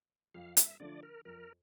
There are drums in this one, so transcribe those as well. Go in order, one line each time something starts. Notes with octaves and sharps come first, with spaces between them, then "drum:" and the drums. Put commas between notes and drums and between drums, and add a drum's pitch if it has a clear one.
F2 F5
E5, drum: hi-hat
D3 F3 A3 D4 D5
A#4
F2 A#4